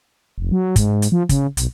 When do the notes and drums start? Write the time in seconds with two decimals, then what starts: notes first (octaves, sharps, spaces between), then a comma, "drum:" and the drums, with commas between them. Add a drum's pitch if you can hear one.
0.38 F1
0.52 F#3
0.76 G#2, drum: kick, hi-hat
1.02 drum: hi-hat
1.12 F3
1.29 C#3, drum: kick, hi-hat
1.57 B1, drum: hi-hat